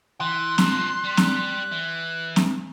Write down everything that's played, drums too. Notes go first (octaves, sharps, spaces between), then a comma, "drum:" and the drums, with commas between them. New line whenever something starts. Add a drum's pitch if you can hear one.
E3 C6 F#6
F3 D4, drum: snare C4
G3
drum: snare C4
E3
drum: snare C4